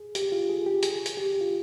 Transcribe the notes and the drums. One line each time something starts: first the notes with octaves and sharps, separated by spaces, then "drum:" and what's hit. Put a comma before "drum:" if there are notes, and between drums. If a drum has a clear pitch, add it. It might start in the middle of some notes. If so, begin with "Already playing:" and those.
Already playing: G#4
G4, drum: hi-hat
F4
G#4
G4
G#4, drum: hi-hat
drum: hi-hat
G4
F4